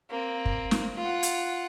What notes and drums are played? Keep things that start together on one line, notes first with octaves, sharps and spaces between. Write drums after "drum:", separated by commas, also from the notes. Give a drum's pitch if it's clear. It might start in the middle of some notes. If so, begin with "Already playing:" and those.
A#3 C4
drum: kick
drum: snare
F4 F#5
drum: hi-hat